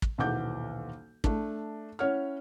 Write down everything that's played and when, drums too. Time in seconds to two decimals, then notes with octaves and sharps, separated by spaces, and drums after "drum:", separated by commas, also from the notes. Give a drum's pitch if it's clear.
0.02 drum: kick
0.18 D#1 B1 E3 F#5 D6 G6
1.24 A3 D4, drum: kick
1.99 C#4 E4 C#5 F#5 F6